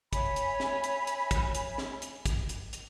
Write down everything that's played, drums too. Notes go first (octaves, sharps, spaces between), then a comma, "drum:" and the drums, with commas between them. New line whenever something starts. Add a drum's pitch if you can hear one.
C#5 E5 G#5 B5, drum: kick, hi-hat
drum: hi-hat
drum: snare
drum: hi-hat
drum: hi-hat
drum: kick, hi-hat
drum: hi-hat
drum: snare
drum: hi-hat
drum: kick, hi-hat
drum: hi-hat
drum: hi-hat